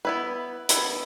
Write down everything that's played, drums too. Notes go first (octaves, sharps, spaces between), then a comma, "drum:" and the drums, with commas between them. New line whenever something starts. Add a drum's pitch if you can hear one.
B3 E4 B4
B3 E4 B4, drum: hi-hat